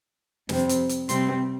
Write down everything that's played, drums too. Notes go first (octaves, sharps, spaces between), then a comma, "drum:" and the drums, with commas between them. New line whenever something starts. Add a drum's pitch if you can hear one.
F2 C3 G3 C4, drum: snare
drum: hi-hat
drum: hi-hat
C3 G3 C4 C6, drum: hi-hat